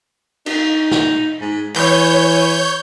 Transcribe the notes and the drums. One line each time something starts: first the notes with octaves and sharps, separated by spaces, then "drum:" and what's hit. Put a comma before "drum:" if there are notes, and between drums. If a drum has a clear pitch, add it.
D#4, drum: cymbal
drum: snare
G#2
E3 C#5 G6, drum: clap